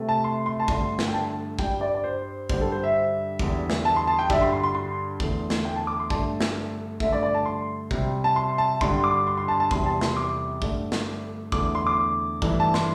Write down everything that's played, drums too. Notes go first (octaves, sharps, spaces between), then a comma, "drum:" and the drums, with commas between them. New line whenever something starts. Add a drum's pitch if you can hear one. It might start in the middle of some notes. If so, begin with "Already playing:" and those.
Already playing: C3 A3
A5
C6
C6
A5
G2 D3 A3 C6, drum: kick
drum: snare
G5
A5
G2 G3 G5, drum: kick
D5
D5
C5
G2 D3 G3 C5, drum: kick
A4
C5
E5
E2 D3 G3, drum: kick
drum: snare
A5
C6
A5
G5
G2 D3 G3 E5, drum: kick
C6
C6
C6
C6
E2 D3 A3, drum: kick
drum: snare
G5
A5
D6
C6
G2 D3 A3 A5, drum: kick
drum: snare
G2 D3 A3 E5, drum: kick
D5
D5
A5
C6
C3 G3, drum: kick
A5
C6
A5
G2 D3 G3 C6, drum: kick
C6
D6
C6
C6
A5
A5
E2 C3 G3 C6, drum: kick
A5
C6, drum: snare
D6
G2 D3 A3, drum: kick
drum: snare
E2 D3 A3 D6, drum: kick
C6
D6
G2 E3 A3, drum: kick
A5
C6, drum: snare